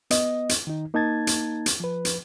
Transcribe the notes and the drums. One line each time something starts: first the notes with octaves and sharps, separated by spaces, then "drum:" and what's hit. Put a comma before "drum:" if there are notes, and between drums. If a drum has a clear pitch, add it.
B3 D#5, drum: hi-hat
drum: hi-hat
D#3 D#4
A#3 D#4 A5 G#6 A6
drum: hi-hat
drum: hi-hat
F3 B4
drum: hi-hat